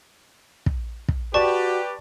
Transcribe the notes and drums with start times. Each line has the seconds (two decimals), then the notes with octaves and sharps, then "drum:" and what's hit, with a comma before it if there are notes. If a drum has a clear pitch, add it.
0.66 drum: kick
1.08 drum: kick
1.34 F#4 G4 B4 D5 A5 C#6